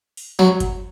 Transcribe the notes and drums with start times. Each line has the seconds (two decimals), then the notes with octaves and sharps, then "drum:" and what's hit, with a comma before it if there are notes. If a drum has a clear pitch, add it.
0.17 drum: open hi-hat
0.39 F#3, drum: snare
0.60 drum: kick G1, hi-hat